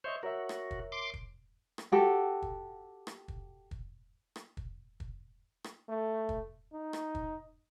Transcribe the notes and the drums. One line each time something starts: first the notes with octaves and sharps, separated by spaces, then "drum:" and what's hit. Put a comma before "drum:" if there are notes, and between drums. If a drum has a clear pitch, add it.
C5 C#5 D#5 E5 G6
F#4 A#4 C#5 E5
drum: rim click
drum: kick
C6 D6
drum: kick
drum: rim click
F#4 G4 A4
drum: kick
drum: rim click
drum: kick
drum: kick
drum: rim click
drum: kick
drum: kick
drum: rim click
A3
drum: kick
D#4
drum: rim click
drum: kick